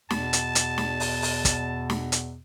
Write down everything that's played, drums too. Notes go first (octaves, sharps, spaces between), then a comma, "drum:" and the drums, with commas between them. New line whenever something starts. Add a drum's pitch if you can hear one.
E2 B2 A5, drum: snare
drum: hi-hat
drum: hi-hat
drum: snare
drum: open hi-hat
drum: open hi-hat
drum: kick, hi-hat
drum: snare
drum: hi-hat